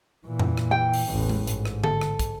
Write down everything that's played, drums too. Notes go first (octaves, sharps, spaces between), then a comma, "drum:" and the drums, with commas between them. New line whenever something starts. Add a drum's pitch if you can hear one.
A#2 E3
drum: tom F2
drum: rim click
G5
drum: open hi-hat
A1 E2
drum: tom G#3
G#2, drum: hi-hat
drum: rim click
A4, drum: tom D3
drum: rim click
drum: kick, hi-hat